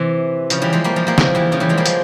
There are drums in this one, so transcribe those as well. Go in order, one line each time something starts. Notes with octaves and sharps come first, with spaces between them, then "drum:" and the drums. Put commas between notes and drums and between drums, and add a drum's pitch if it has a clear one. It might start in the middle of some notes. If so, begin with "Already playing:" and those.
Already playing: C3 E3
C#3 F3, drum: hi-hat
E3 G3
F3 G#3
G3 A#3
F3 G#3
G3 A#3
F3 G#3, drum: snare
E3 G3
C#3 F3
E3 G3
F3 G#3
G3 A#3
F3 G#3, drum: hi-hat